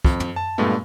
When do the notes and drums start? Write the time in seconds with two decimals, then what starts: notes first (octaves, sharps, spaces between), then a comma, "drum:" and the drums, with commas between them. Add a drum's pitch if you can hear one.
0.05 F2, drum: kick
0.20 drum: tom
0.36 A5
0.58 G2 A#2 G#3 A3 B3